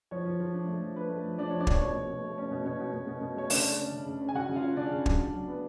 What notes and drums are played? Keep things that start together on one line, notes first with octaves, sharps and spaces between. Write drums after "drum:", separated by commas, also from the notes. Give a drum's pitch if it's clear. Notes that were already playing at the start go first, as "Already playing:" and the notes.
F3 C#5
F3
F3
D4
A3
F3
D4 B4
A3
F3
F3 D4 D5
C#5
F3
D4 D5
F3 C#5, drum: kick
B2 C#5
B2
B2
A3
C#4
B2
B2 C#5
B2
B2
B2
B2
A3 C#5
C#3 D4 D5, drum: open hi-hat
C#4
C#4
C#3
C#3
C#4
G#5
C#3 F#4 F#5
C#3
F4 F5
C#4
C#3 D4 D5
C#3
F#3, drum: kick
D4
F#3
B3